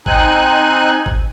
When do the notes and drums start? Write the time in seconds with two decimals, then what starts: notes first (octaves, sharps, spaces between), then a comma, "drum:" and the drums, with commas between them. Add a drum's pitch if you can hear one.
0.06 C4 D#4 G#5 F#6, drum: kick
1.06 drum: kick